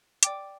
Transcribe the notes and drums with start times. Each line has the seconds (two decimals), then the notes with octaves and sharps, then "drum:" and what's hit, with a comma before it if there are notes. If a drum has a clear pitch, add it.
0.23 D5 G5 D6, drum: hi-hat